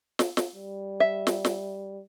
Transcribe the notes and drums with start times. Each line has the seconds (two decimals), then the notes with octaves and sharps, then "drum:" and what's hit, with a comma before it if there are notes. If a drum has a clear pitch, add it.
0.19 drum: snare
0.37 drum: snare
0.55 G3
1.00 E5
1.27 drum: snare
1.45 drum: snare